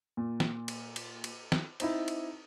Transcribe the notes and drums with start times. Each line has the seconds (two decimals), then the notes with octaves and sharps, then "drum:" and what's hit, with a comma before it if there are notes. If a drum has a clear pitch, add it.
0.17 A#2
0.40 drum: snare
0.68 drum: cymbal
0.96 drum: cymbal
1.24 drum: cymbal
1.52 drum: snare
1.80 C4 D#4 E4, drum: cymbal
2.08 drum: cymbal